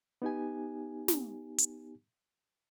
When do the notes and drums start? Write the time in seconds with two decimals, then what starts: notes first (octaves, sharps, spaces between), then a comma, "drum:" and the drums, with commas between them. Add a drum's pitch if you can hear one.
0.22 B3 D#4 G4 G#5
1.08 drum: snare
1.58 drum: hi-hat